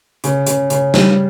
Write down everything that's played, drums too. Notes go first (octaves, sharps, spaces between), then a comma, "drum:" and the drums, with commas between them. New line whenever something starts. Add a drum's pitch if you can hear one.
C#3, drum: hi-hat
C#3, drum: hi-hat
C#3, drum: hi-hat
G3, drum: snare